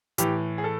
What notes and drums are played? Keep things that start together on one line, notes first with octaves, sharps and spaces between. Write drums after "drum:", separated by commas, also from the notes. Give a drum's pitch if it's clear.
A2 E3 G4, drum: hi-hat
G#4
A4